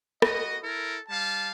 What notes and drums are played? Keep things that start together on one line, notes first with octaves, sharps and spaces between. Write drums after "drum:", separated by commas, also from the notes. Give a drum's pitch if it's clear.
F#4 D#5, drum: rim click
E4 A4 A#4
G3 F5 A5